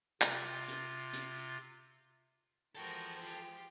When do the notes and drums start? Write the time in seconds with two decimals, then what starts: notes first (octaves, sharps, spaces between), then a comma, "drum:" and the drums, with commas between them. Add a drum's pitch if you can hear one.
0.21 C3 F4, drum: clap
0.68 drum: hi-hat
1.13 drum: hi-hat
2.75 E3 F3 G#3 F#4 A4 A#4 G5
3.22 F4 G4